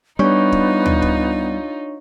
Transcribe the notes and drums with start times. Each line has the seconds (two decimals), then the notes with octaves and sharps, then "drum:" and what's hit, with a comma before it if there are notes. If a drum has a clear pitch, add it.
0.19 G3 B3 D4 D#4 F4 C#5 C#6
0.52 drum: kick
0.86 drum: tom D2
1.02 drum: kick